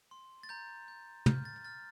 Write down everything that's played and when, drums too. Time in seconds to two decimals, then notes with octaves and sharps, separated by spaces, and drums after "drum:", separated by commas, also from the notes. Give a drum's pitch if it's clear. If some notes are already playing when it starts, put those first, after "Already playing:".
0.11 C6
0.43 A6
0.49 A#5 G6
0.88 G6
1.26 F6 G6, drum: tom
1.45 A6
1.64 F6 A6